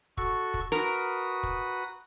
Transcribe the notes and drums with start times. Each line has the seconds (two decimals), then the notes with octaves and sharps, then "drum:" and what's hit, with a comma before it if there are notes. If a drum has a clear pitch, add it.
0.17 F#4 A4 C#6, drum: kick
0.54 drum: kick
0.72 F#4 A#4 B4 D#6
1.43 drum: kick